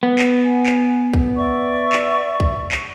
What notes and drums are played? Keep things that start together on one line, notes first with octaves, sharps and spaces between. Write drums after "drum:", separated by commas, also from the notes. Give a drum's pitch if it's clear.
B3
drum: clap
G#5
drum: clap
drum: kick
D5 E5 C#6
drum: clap
drum: kick
drum: clap